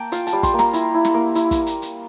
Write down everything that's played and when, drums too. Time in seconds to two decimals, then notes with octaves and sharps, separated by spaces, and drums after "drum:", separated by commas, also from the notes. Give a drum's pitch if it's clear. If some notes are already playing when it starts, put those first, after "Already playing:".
Already playing: A#3 G5 A5
0.12 F4 F5, drum: hi-hat
0.27 A5, drum: hi-hat
0.33 G3
0.43 C6, drum: kick, hi-hat
0.54 A#3
0.59 A#5, drum: snare
0.73 E4, drum: hi-hat
0.94 E4
1.05 drum: snare
1.14 A#3
1.35 E4, drum: hi-hat
1.51 drum: kick, hi-hat
1.67 drum: hi-hat
1.82 drum: hi-hat